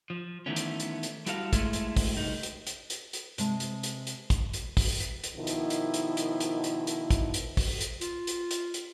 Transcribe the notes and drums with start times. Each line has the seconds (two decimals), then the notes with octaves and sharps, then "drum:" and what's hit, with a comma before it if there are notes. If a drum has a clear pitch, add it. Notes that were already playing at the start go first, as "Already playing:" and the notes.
0.10 F3
0.46 D#3 E3 A3 B3 C#4
0.56 drum: hi-hat
0.80 drum: hi-hat
1.03 drum: hi-hat
1.26 G3 E4 F#4 A4 E5 F5, drum: hi-hat
1.53 G#3 A3 E4 A4, drum: kick, hi-hat
1.73 drum: hi-hat
1.97 drum: kick, open hi-hat
2.16 C2 D#4
2.43 drum: hi-hat
2.67 drum: hi-hat
2.90 drum: hi-hat
3.13 drum: hi-hat
3.38 C3 G#3 A5, drum: hi-hat
3.60 drum: hi-hat
3.83 drum: hi-hat
4.07 drum: hi-hat
4.30 drum: kick, hi-hat
4.53 drum: hi-hat
4.77 drum: kick, open hi-hat
5.00 drum: hi-hat
5.24 drum: hi-hat
5.36 B2 D#3 F3 E4
5.47 drum: hi-hat
5.70 drum: hi-hat
5.94 drum: hi-hat
6.17 drum: hi-hat
6.40 drum: hi-hat
6.64 drum: hi-hat
6.87 drum: hi-hat
7.10 drum: kick, hi-hat
7.34 drum: hi-hat
7.57 drum: kick, open hi-hat
7.81 drum: hi-hat
8.01 F4, drum: hi-hat
8.27 drum: hi-hat
8.51 drum: hi-hat
8.74 drum: hi-hat